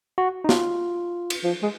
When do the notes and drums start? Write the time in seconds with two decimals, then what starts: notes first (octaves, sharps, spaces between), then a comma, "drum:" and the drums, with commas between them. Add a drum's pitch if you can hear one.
0.18 F#4
0.44 D#4
0.49 F4, drum: snare
1.30 drum: cymbal
1.44 F3
1.63 G#3